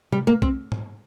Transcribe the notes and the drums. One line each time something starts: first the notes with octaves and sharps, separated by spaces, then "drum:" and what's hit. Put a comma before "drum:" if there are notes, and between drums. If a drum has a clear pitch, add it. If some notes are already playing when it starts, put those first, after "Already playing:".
G3, drum: tom C3
A#3
C4, drum: kick B1
drum: tom G#2